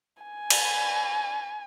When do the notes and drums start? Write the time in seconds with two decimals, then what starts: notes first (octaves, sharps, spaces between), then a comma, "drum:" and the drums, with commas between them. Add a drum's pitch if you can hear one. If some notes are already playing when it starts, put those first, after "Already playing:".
0.23 G#5
0.50 drum: cymbal